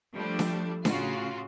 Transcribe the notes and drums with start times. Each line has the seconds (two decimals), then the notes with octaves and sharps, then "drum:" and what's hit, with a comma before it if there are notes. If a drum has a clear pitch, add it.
0.13 F3 G3 A3 D4
0.39 drum: snare D4
0.85 A2 C#3 F4 F#4, drum: snare D4